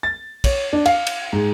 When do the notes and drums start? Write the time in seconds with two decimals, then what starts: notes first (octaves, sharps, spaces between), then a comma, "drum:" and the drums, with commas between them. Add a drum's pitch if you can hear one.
0.03 A6
0.44 C#5, drum: kick, cymbal
0.73 D4
0.86 F5, drum: cymbal
1.07 drum: cymbal
1.33 G#2